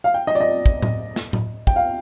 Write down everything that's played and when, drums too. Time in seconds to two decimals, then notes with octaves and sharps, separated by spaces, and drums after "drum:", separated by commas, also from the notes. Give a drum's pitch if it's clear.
0.04 F5
0.14 G5
0.27 D#5
0.35 D5
0.40 D#5
0.66 drum: kick
0.82 drum: tom A2
1.16 drum: snare
1.33 drum: tom A2
1.67 G5, drum: kick
1.76 F5